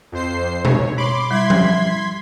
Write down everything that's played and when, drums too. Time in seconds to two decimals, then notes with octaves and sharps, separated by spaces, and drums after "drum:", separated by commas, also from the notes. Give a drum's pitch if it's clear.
0.12 F2 C5 C7
0.65 C#5, drum: tom B2
0.98 B5 C6 D6
1.31 G3 E4 C6 G#6 B6
1.50 drum: tom F3